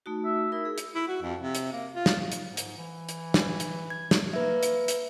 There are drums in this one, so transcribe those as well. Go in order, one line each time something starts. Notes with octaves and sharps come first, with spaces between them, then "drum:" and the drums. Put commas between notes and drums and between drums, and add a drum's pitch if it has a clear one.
A3 D#4 F#4
E5
D#4 E4 A#4
G#4
drum: hi-hat
E4
F#4
F2
C3
drum: hi-hat
A#3
F4
drum: snare
drum: hi-hat
G#2
drum: hi-hat
E3
drum: hi-hat
drum: snare
drum: hi-hat
G#6
drum: snare
A#3 B4 E5
drum: hi-hat
drum: hi-hat